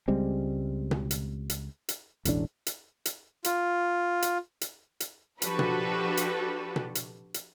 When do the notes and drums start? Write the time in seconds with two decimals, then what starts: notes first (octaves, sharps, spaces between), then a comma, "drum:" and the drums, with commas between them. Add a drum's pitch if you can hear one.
0.08 C#2 G3 G#3 C4
0.91 drum: tom B2
1.11 drum: hi-hat
1.50 drum: hi-hat
1.89 drum: hi-hat
2.25 E1 A1 A2 D4, drum: hi-hat
2.66 drum: hi-hat
3.05 drum: hi-hat
3.44 F4, drum: hi-hat
4.22 drum: hi-hat
4.61 drum: hi-hat
5.00 drum: hi-hat
5.42 F3 D4 F#4 G4 A4 B4, drum: hi-hat
5.59 drum: tom B2
6.17 drum: hi-hat
6.76 drum: tom B2
6.95 drum: hi-hat
7.34 drum: hi-hat